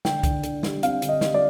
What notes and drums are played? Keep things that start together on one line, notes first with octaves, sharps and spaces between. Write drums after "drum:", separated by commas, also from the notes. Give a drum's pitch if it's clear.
D3 G5, drum: snare
D3, drum: kick C2, hi-hat
D3, drum: hi-hat
G3, drum: snare
C4 F5, drum: hi-hat
D3, drum: hi-hat
D#5
G3, drum: snare
D5